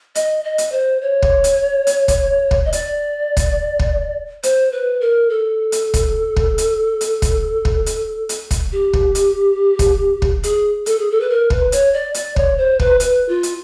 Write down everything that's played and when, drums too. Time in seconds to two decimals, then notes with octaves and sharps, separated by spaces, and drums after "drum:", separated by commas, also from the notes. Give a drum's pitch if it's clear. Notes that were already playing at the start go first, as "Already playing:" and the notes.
0.15 D#5, drum: hi-hat
0.44 D#5
0.58 drum: hi-hat
0.72 C5
1.02 C#5
1.22 drum: kick
1.44 drum: hi-hat
1.87 drum: hi-hat
2.08 drum: kick, hi-hat
2.51 drum: kick
2.65 D#5
2.73 D5, drum: hi-hat
3.37 drum: kick, hi-hat
3.79 drum: kick
4.43 C5, drum: hi-hat
4.72 B4
5.01 A#4
5.30 A4
5.72 drum: hi-hat
5.94 drum: kick, hi-hat
6.36 drum: kick
6.58 drum: hi-hat
7.01 drum: hi-hat
7.22 drum: kick, hi-hat
7.65 drum: kick
7.86 drum: hi-hat
8.29 drum: hi-hat
8.51 drum: kick, hi-hat
8.72 G4
8.93 drum: kick
9.15 drum: hi-hat
9.79 drum: kick, hi-hat
10.22 drum: kick
10.43 G#4, drum: hi-hat
10.86 A4, drum: hi-hat
10.99 G#4
11.11 A4
11.21 B4
11.29 A#4
11.50 B4, drum: kick
11.72 C#5, drum: hi-hat
11.93 D5
12.14 D5, drum: hi-hat
12.36 C#5, drum: kick
12.58 C5
12.80 B4, drum: kick
13.00 B4, drum: hi-hat
13.29 F4
13.43 drum: hi-hat